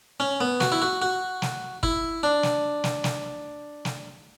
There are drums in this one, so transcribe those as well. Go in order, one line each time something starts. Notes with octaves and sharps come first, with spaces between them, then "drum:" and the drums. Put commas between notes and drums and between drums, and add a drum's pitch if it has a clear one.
C#4
B3
F#4, drum: snare
E4
F#4
F#4
drum: snare
E4, drum: kick
D4
drum: snare
drum: snare
drum: snare
drum: snare